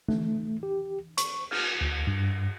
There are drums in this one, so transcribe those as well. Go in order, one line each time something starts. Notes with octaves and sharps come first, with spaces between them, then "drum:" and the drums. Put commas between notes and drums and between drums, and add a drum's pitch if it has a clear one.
A3, drum: tom E3
G4
C#6, drum: hi-hat
F6, drum: cymbal
D2
G2